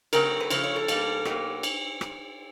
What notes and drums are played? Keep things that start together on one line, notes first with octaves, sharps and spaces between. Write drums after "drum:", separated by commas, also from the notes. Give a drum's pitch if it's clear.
C#3 F#3 A3 C4 A#4, drum: cymbal
B4
C#3 F3 A3 C5, drum: cymbal
C#5
A4
B2 G3 A#3, drum: cymbal
B2 F#3 A#3 G4, drum: rim click
drum: cymbal
drum: rim click